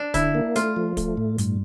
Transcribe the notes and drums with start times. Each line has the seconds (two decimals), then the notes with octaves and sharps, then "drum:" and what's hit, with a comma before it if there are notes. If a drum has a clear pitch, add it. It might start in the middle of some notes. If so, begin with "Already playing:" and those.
Already playing: D4
0.14 D3 E4, drum: kick, hi-hat
0.35 A#3
0.55 A3 F4, drum: hi-hat
0.76 F3
0.97 A3, drum: kick, hi-hat
1.17 A2
1.38 G2, drum: hi-hat